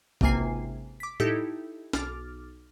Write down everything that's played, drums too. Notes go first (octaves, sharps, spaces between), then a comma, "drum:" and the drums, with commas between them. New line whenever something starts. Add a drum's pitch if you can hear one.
G#1 C#2 C3 A#3 G#5 C7, drum: kick B1
D6 B6
D#4 E4 G4 A4, drum: tom A2
B1 D6 F6 A6, drum: snare